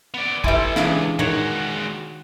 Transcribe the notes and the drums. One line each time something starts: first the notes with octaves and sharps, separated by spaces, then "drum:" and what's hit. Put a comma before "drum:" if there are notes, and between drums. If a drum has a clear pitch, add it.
B3 D5
E4 G4 A4 B4 E5 G#5 C6, drum: kick
C#2 E3 D4 G#4 F5, drum: snare
D#3 G#3 F#4 C#5, drum: tom A2